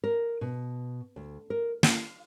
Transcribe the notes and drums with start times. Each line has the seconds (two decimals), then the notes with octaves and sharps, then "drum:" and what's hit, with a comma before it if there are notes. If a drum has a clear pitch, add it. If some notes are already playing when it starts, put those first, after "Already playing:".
0.04 A#4
0.41 B2
1.16 D2
1.50 A#4
1.83 F5, drum: snare